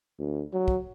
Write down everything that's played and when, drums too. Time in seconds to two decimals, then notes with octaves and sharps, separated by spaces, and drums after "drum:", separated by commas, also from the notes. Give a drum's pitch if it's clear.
0.19 D2
0.53 F#3
0.68 drum: kick